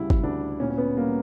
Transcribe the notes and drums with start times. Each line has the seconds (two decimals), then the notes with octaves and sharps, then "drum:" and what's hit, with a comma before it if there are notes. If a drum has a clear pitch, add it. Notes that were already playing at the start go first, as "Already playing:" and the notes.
Already playing: D2 C#3 G3 E4
0.10 drum: kick G1
0.23 D2 D4
0.60 A#2 C#4
0.70 C#4
0.78 B3
0.97 G3 A#3